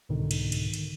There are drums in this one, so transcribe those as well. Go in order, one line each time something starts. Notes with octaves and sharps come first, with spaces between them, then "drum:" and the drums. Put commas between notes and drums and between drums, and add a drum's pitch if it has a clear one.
C2 G#2 B2 D3 D#3
drum: cymbal
drum: cymbal
drum: cymbal